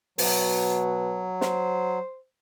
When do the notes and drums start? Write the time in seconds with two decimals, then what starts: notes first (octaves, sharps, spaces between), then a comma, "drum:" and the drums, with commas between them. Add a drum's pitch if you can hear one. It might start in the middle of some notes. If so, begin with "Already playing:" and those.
0.18 B2 F#3, drum: open hi-hat
1.41 C5, drum: snare